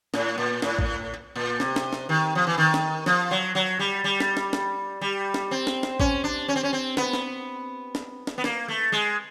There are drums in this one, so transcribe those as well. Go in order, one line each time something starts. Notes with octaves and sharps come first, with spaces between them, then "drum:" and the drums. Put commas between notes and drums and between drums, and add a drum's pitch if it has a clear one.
A2, drum: snare
A#2
A2, drum: snare
drum: kick A1
A#2
C3, drum: snare
drum: snare
drum: snare
D#3
F3
E3
D#3
drum: snare
F3, drum: snare
F#3
F#3
G3
G3
drum: snare
drum: snare
drum: snare
G3
drum: snare
C4
drum: snare
drum: snare
C#4, drum: kick A1
D4
C#4
C4
C#4
C4
B3, drum: snare
drum: snare
drum: snare
drum: snare
B3
A#3, drum: snare
A3
G#3